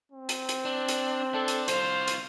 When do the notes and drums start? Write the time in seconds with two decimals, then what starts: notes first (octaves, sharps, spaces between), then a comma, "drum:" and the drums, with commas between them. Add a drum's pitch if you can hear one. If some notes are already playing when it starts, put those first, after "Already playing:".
0.12 C4
0.29 drum: hi-hat
0.49 drum: hi-hat
0.65 D4
0.88 drum: hi-hat
1.34 D4 A4
1.48 drum: hi-hat
1.68 C2 F4 C5, drum: hi-hat
2.08 drum: hi-hat